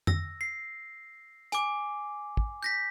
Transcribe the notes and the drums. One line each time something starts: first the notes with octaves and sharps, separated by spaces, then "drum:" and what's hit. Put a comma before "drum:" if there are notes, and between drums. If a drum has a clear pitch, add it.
E6 A#6, drum: tom F2
C7
G#5 D6, drum: hi-hat
drum: kick
G6 A#6 B6